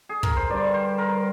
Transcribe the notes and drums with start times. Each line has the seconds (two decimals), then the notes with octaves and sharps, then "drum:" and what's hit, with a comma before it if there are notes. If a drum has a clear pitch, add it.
0.09 G#4
0.23 A#4, drum: kick
0.37 C5
0.50 G2 D3 G3 D5
0.74 C5
0.98 A#4